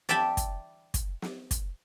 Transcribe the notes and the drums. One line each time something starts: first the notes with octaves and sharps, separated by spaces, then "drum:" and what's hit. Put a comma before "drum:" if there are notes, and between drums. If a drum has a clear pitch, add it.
D5 E5 G5 A5 B5, drum: snare
drum: kick, hi-hat
drum: kick, hi-hat
drum: snare
drum: kick, hi-hat